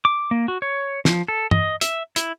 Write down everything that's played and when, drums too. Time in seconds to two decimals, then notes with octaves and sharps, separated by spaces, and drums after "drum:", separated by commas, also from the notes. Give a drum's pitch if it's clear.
0.05 D6
0.31 A#3
0.48 F#4
0.62 C#5
1.05 F3, drum: snare
1.28 A4
1.51 D#5, drum: tom
1.81 E5, drum: hi-hat
2.16 E4, drum: hi-hat